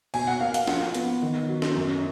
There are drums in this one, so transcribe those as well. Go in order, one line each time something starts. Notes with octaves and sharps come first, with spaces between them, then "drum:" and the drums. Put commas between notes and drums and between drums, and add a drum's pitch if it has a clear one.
B2 G#5, drum: cymbal
F#5
A#3 F5
F5, drum: hi-hat
F3 F#5, drum: snare
B3, drum: hi-hat
D#3
F#3
drum: snare
F#2